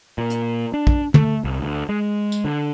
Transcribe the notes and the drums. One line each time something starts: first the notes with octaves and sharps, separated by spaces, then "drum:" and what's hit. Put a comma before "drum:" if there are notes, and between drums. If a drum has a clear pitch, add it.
A#2
drum: hi-hat
D4
drum: kick
A3, drum: tom
C2
D2
G#3
drum: tambourine
D3